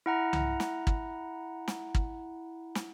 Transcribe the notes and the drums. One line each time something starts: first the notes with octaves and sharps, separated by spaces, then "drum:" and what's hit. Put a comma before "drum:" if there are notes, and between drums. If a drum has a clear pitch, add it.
E4 F#5 A#5
drum: tom C2
drum: snare
drum: kick
drum: snare
drum: kick
drum: snare